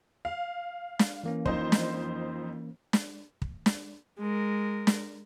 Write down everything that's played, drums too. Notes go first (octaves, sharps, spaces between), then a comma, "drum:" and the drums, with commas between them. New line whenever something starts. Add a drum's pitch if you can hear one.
F5
drum: snare
E3 A#3 C#4
F2 D#4 C5, drum: kick
drum: snare
drum: snare
drum: kick
drum: snare
G#3 A#4
drum: snare